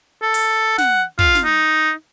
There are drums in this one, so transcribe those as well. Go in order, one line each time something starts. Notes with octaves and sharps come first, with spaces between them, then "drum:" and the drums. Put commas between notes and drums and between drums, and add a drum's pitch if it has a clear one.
A4
drum: open hi-hat
F#5, drum: snare
F4, drum: kick
drum: snare
D#4